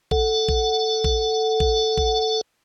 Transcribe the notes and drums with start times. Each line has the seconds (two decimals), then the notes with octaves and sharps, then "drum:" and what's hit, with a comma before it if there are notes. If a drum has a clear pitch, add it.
0.11 A4 F#5, drum: kick A#1
0.49 drum: kick A#1
1.04 drum: kick A#1
1.60 drum: kick A#1
1.98 drum: kick A#1